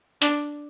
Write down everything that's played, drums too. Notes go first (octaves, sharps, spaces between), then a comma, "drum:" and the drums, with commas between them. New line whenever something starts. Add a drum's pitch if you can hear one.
D4, drum: hi-hat